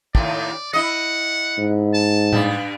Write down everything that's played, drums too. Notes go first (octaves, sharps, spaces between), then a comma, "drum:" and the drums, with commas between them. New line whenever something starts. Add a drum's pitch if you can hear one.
D#2 A2 D5, drum: kick
E4 D#5 F#5
G#2
A5
G2 G3, drum: tom A2